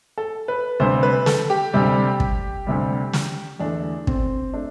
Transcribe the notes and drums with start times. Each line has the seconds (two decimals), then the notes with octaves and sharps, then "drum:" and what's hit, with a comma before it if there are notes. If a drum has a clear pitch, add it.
0.18 A4
0.48 B4
0.80 D2 C3 G3 C5
1.03 B4
1.26 A4, drum: snare
1.50 G4
1.74 D2 C3 G3
2.20 drum: kick
2.67 D2 C3 G3
3.13 drum: snare
3.60 E2 D3 A3 D4
4.07 C4, drum: kick
4.54 A3 D4